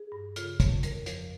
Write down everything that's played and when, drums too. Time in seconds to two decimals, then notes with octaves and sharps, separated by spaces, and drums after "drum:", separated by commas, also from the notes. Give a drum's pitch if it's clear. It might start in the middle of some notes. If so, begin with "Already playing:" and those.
Already playing: G#4
0.12 G2
0.36 C#3 F4, drum: hi-hat
0.60 F2, drum: kick, hi-hat
0.83 F2 A#4, drum: hi-hat
1.06 F3, drum: hi-hat